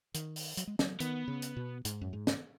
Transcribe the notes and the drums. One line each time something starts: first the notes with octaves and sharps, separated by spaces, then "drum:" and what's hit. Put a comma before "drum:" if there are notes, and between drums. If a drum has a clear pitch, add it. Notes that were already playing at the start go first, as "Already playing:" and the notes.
D#3, drum: hi-hat
drum: open hi-hat
F#3, drum: hi-hat
G#3
F#3, drum: snare
D#3 B3, drum: hi-hat
C#3
drum: hi-hat
B2
G#2, drum: hi-hat
F#2
G#2
drum: snare